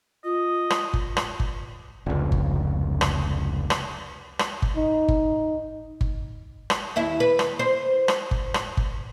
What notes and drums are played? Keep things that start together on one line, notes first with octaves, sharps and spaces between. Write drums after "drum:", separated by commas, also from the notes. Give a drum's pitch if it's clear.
F4 D#5
drum: rim click
drum: kick G1
drum: rim click
drum: kick G1
F1 C#2
drum: kick G1
drum: rim click
drum: rim click
drum: rim click
drum: kick G1
D#4
drum: kick G1
drum: kick G1
drum: rim click
D#2 E4 E5
B4
drum: rim click
C5
drum: rim click
drum: kick G1
drum: rim click
drum: kick G1